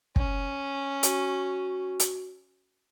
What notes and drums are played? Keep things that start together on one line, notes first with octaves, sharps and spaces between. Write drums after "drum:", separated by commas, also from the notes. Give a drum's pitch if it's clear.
C#4, drum: kick
F#4, drum: hi-hat
drum: hi-hat